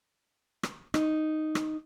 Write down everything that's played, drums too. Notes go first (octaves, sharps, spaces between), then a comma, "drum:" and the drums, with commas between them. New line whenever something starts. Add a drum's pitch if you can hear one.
drum: rim click
D#4, drum: rim click
drum: rim click